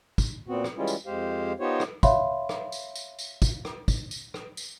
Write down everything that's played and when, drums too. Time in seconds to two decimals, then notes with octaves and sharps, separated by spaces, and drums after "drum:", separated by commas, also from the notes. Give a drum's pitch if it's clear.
0.18 drum: kick, tambourine
0.48 A#2 B3 C4 F#4
0.64 drum: rim click
0.77 E3 G3 G#3 C#4 E4 F4
0.87 drum: tambourine
1.06 F2 G#3 G4 C5 F5
1.60 B3 D#4 F4 G4 C5 C#5
1.80 drum: rim click
2.03 C#5 E5 F5 B5 C6, drum: kick, tambourine
2.49 drum: rim click
2.72 drum: tambourine
2.95 drum: tambourine
3.19 drum: tambourine
3.42 drum: kick, tambourine
3.65 drum: rim click
3.88 drum: kick, tambourine
4.11 drum: tambourine
4.34 drum: rim click
4.57 drum: tambourine